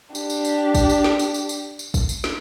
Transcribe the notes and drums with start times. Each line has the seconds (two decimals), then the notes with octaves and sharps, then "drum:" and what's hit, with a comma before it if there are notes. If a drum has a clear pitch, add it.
0.15 D4 G4, drum: tambourine
0.30 drum: tambourine
0.45 drum: tambourine
0.75 drum: kick, tambourine
0.89 drum: tambourine
1.04 drum: snare
1.19 drum: tambourine
1.34 drum: tambourine
1.49 drum: tambourine
1.79 drum: tambourine
1.94 drum: kick, tambourine
2.09 drum: tambourine
2.24 drum: snare